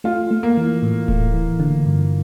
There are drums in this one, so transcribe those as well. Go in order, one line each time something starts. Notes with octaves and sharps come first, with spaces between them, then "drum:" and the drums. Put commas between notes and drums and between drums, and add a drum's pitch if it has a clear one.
A3 F4
A3
A#3
E3
A2
A3, drum: kick D1
E3
D3
G2